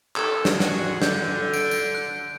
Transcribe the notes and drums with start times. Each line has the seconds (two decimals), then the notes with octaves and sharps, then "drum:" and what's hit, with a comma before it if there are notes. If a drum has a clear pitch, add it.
0.16 D#3 A4 G#6, drum: clap
0.45 drum: snare
0.60 G#3 F#4, drum: snare
1.02 D3 G6, drum: snare
1.53 D7, drum: tambourine
1.71 drum: tambourine
1.95 F#6